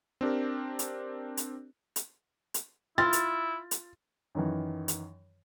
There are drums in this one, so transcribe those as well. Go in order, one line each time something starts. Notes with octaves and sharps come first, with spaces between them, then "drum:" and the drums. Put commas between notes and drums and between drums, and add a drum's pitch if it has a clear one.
C4 D4 G4 A#4
drum: hi-hat
drum: hi-hat
drum: hi-hat
drum: hi-hat
E4 F4 A6
drum: hi-hat
drum: hi-hat
F#2 D#3 E3
drum: hi-hat